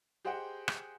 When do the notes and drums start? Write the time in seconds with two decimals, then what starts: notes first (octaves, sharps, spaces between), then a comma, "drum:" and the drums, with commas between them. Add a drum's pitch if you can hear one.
0.25 G4 G#4 C5 D#5 F#5 G5
0.68 drum: rim click